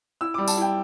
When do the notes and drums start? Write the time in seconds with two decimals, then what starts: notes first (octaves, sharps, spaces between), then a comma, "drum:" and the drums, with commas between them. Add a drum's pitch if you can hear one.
0.21 E4 E6
0.34 G3 D6
0.48 A5, drum: tambourine
0.57 E4 G5